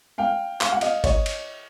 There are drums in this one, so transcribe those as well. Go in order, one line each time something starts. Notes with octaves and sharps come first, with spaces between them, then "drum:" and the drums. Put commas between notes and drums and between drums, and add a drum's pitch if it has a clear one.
F5 G5
F5, drum: clap
F#5
D#5 F5, drum: cymbal
C#5 D#5, drum: kick G#1, cymbal
drum: cymbal